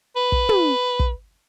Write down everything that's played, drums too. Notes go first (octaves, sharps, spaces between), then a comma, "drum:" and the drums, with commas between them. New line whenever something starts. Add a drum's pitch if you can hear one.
B4
drum: kick
drum: tom
drum: kick